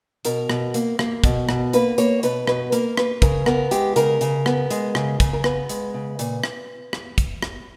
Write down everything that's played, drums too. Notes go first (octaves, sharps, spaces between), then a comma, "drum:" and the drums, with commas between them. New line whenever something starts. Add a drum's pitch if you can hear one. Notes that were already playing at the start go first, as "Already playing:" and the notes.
B2 A#4, drum: hi-hat
B2, drum: rim click
A#3, drum: hi-hat
A#3, drum: rim click
B2, drum: kick, hi-hat
B2, drum: rim click
A#3 B4, drum: hi-hat
A#3 C#5, drum: hi-hat
B2 B4, drum: hi-hat
B2 B4, drum: rim click
A#3 A#4, drum: hi-hat
A#3 B4, drum: rim click
C#3 A#4, drum: kick, hi-hat
B3 A#4, drum: rim click
G#3 G4, drum: hi-hat
C#3 A#4, drum: hi-hat
C#3, drum: hi-hat
B3, drum: rim click
G#3, drum: hi-hat
C#3, drum: rim click
C#3, drum: kick, hi-hat
A#4
B3 B4, drum: rim click
G#3, drum: hi-hat
C#3
A#2, drum: hi-hat
drum: rim click
drum: rim click
drum: kick, hi-hat
drum: rim click